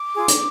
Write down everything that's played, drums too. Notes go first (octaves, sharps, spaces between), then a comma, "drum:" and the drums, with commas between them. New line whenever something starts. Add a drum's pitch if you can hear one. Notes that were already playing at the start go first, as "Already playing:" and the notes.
Already playing: D6
F4 G#4
drum: hi-hat